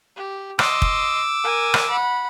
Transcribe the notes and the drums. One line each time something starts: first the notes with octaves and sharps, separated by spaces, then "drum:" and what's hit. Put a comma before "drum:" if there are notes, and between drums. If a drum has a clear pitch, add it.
G4
D#5 C6 D6 E6, drum: rim click
drum: kick
A#4 G#5
drum: rim click
F#5 B5